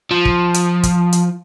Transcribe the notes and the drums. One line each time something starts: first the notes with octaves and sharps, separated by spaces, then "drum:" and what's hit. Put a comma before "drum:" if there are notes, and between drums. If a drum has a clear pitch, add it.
F3
drum: kick
drum: hi-hat
drum: kick, hi-hat
drum: hi-hat